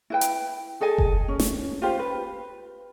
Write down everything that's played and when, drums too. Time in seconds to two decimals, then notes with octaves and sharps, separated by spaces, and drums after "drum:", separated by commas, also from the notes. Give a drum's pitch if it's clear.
0.10 E4 B4 G5
0.21 drum: hi-hat
0.81 G#4 A4 D#5 G#5
0.98 drum: kick F#1
1.28 C#4
1.40 drum: snare
1.82 F4 G4 C5
1.99 B4